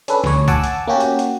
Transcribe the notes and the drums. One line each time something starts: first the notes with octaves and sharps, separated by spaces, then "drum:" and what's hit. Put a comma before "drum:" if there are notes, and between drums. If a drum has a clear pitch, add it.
C#4 D4 A4 B4, drum: hi-hat
D2 C#5, drum: snare
F#5 G#5 A5 D6 E6, drum: kick C2, hi-hat
drum: hi-hat
A#3 C#4 F#4 G4
drum: hi-hat
drum: hi-hat